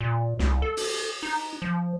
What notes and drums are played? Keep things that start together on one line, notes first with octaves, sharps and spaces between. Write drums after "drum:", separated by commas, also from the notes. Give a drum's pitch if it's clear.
A#2
C2, drum: snare
A4
drum: open hi-hat
D#4
F3